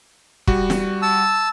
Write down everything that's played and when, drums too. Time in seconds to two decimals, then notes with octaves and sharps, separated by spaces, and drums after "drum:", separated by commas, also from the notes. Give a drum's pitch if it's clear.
0.47 G3 F#4, drum: kick
0.70 drum: snare
1.02 A5 E6